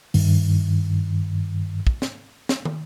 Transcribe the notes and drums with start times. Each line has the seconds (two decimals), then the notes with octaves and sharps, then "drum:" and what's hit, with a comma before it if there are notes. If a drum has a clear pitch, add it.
0.14 G2 D#3, drum: open hi-hat
1.87 drum: kick
2.02 drum: snare
2.49 drum: snare
2.65 drum: tom